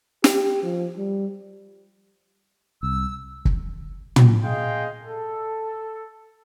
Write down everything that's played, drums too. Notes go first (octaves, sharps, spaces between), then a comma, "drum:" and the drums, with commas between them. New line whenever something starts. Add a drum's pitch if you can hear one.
G4, drum: snare
F3
G3
C2 E6
drum: kick
drum: tom
G#4 D#5 F5 G5 C6
A4